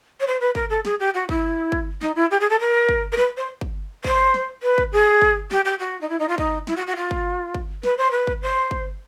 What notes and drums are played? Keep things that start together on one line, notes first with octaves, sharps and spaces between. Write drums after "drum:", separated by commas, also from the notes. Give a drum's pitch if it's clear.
C#5
C5
B4
A#4, drum: kick
A4
G#4, drum: snare
G4
F#4
E4, drum: kick
drum: kick
D#4, drum: snare
E4
G4
G#4
A4
A#4
drum: kick
A#4
B4, drum: snare
C5
drum: kick
C5, drum: kick
drum: snare
B4
drum: kick
G#4
drum: kick
G4, drum: snare
G4
F#4
D#4
E4
D#4
F4
D#4, drum: kick
E4, drum: snare
F#4
F#4
F4
drum: kick
drum: kick
B4, drum: snare
C5
B4
drum: kick
C5
drum: kick